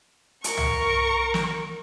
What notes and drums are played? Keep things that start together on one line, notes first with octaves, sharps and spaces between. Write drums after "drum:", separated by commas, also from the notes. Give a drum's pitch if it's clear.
A#4 C#6, drum: hi-hat
drum: tom C2
drum: snare